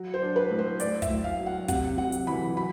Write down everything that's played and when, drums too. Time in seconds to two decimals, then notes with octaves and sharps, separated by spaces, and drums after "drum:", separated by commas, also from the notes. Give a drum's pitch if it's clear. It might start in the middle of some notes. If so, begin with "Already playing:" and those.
Already playing: F#3
0.14 C5
0.22 D4
0.36 B4
0.50 A2
0.59 C5
0.80 A2 D5, drum: hi-hat
1.02 E5, drum: kick, hi-hat
1.09 A2
1.24 F5
1.39 F#3
1.46 F#5
1.68 C3 F#5, drum: kick, hi-hat
1.97 C3 F#5
2.12 drum: hi-hat
2.27 E3 B5
2.56 F#3 B5